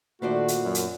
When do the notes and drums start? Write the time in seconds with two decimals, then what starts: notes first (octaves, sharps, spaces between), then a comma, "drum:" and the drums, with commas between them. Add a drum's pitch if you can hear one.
0.22 A#2 D#3 A3 F#4 B4 C5 D5
0.48 drum: hi-hat
0.64 F#2
0.75 drum: hi-hat